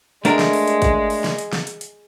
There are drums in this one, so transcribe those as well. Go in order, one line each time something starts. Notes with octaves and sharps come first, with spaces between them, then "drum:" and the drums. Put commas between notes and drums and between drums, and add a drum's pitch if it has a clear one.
G#3 A3 D4 A#4, drum: hi-hat
drum: snare
drum: open hi-hat
drum: hi-hat
drum: kick, hi-hat
drum: open hi-hat
drum: snare
drum: hi-hat
drum: snare
drum: hi-hat
drum: hi-hat